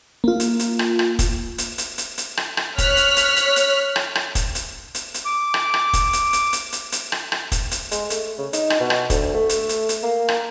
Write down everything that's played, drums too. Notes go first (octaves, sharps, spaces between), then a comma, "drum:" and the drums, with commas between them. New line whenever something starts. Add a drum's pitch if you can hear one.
A#3 F4
drum: hi-hat
drum: hi-hat
drum: rim click
drum: rim click
drum: kick, hi-hat
drum: hi-hat
drum: hi-hat
drum: hi-hat
drum: hi-hat
drum: rim click
drum: rim click
C#5 F6 F#6 B6, drum: kick, hi-hat
drum: hi-hat
drum: hi-hat
drum: hi-hat
drum: hi-hat
drum: rim click
drum: rim click
drum: kick, hi-hat
drum: hi-hat
drum: hi-hat
drum: hi-hat
D6
drum: rim click
drum: rim click
drum: kick, hi-hat
drum: hi-hat
drum: hi-hat
drum: hi-hat
drum: hi-hat
drum: hi-hat
drum: rim click
drum: rim click
drum: kick, hi-hat
drum: hi-hat
G#3, drum: hi-hat
A3, drum: hi-hat
C#3
D#4, drum: hi-hat
drum: rim click
B2
drum: rim click
D2, drum: kick, hi-hat
A3
drum: hi-hat
drum: hi-hat
drum: hi-hat
A#3
drum: rim click